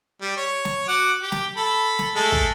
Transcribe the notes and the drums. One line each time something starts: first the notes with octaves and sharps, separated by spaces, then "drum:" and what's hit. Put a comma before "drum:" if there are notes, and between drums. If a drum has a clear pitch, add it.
G3
C#5
drum: snare
F#4 F#5 D6
G4
drum: snare
A4 B5
drum: snare
G#3 A3 A4
drum: kick